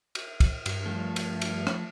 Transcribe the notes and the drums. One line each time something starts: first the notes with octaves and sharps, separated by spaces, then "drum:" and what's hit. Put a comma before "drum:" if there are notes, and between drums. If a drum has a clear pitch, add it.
drum: cymbal
drum: kick, cymbal
G2, drum: cymbal
F3 A3
drum: cymbal
drum: cymbal
drum: rim click